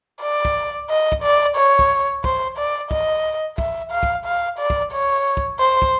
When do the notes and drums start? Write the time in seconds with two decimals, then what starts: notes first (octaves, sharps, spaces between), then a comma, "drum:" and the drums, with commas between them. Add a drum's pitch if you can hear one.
0.23 D5
0.45 drum: kick
0.89 D#5
1.12 drum: kick
1.23 D5
1.57 C#5
1.79 drum: kick
2.24 C5, drum: kick
2.58 D5
2.91 D#5, drum: kick
3.58 E5, drum: kick
3.92 F5
4.03 drum: kick
4.25 F5
4.59 D5
4.70 drum: kick
4.92 C#5
5.37 drum: kick
5.60 C5
5.82 drum: kick